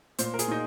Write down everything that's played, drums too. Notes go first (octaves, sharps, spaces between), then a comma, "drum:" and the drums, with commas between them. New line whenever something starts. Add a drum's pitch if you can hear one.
A#2 C5, drum: hi-hat
A#4
G#4, drum: hi-hat
A#2 D#4